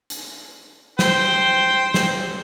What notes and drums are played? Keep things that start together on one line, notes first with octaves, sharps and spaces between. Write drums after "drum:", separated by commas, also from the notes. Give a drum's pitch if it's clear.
drum: hi-hat
C5 G5, drum: snare
drum: snare